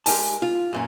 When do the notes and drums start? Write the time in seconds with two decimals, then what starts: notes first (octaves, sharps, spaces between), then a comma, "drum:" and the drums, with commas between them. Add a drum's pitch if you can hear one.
0.06 G#3 G4 A#4 G#5 A5, drum: open hi-hat
0.42 F4
0.73 F#2 A#2 C#4